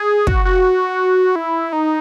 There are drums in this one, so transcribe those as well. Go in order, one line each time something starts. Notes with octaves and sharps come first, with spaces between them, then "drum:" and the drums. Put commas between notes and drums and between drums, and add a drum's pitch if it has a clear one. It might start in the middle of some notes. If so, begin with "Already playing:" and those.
Already playing: G#4
F#4, drum: kick
F#4
E4
D#4